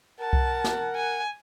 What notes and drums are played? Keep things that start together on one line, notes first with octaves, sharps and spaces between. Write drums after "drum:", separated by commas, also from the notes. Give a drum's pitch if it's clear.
A#4 F#5 A5
drum: kick C2
drum: snare
G#5